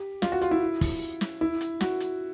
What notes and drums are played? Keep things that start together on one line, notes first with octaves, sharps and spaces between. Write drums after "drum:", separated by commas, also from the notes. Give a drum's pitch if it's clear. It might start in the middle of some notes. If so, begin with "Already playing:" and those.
Already playing: G4
F4, drum: snare
F#4
F4, drum: hi-hat
E4
drum: kick, open hi-hat
drum: snare
E4
drum: hi-hat
F#4, drum: snare
drum: hi-hat